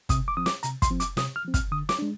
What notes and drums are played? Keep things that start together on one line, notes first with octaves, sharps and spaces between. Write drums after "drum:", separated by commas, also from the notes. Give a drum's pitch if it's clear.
C3 D#6, drum: kick, hi-hat
D6
F3 C4 D#6
D6, drum: snare
C3 A#5, drum: hi-hat
C6, drum: kick, hi-hat
F3 C4
D6, drum: hi-hat
C3 D#6, drum: snare
F6
F3 C4
F6, drum: kick, hi-hat
D3 D#6
D6, drum: snare
G#3 D4